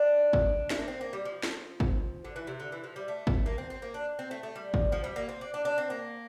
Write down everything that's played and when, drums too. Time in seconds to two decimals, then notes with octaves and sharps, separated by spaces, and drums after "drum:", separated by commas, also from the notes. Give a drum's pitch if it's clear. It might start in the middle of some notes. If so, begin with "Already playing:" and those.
Already playing: D4
0.33 drum: kick G#1
0.70 A3, drum: snare
0.80 A#3
0.88 C4
1.01 A#3
1.13 G3
1.25 F3
1.43 drum: snare
1.80 drum: kick G#1
2.25 D3
2.36 E3
2.47 C3
2.60 D3
2.72 E3
2.84 F3
2.96 G3
3.08 A3
3.27 drum: kick G#1
3.46 A#3
3.58 C4
3.70 C4
3.82 A#3
3.94 D4
4.19 C4
4.31 A3
4.43 A3
4.56 G3
4.74 drum: kick G#1
4.92 F3
5.04 G3
5.16 A#3
5.29 C4
5.41 D4
5.54 D4
5.65 D4
5.78 C4
5.90 A#3